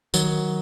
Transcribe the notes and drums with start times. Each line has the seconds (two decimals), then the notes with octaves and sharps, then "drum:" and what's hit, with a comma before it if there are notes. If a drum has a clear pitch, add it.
0.14 D#3 F#3, drum: tambourine